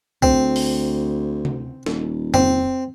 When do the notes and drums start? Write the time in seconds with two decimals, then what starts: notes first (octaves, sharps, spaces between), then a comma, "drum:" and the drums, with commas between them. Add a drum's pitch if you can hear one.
0.22 D2 C4, drum: kick B1
0.56 drum: open hi-hat
1.45 drum: tom
1.86 D#1, drum: snare
2.34 C4, drum: tom F2